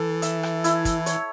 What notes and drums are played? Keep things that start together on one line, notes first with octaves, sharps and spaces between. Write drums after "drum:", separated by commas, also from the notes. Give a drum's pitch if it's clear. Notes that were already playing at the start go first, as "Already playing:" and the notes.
Already playing: E3 A4
E5, drum: hi-hat
drum: rim click
E4, drum: hi-hat
drum: kick, hi-hat
C#5, drum: hi-hat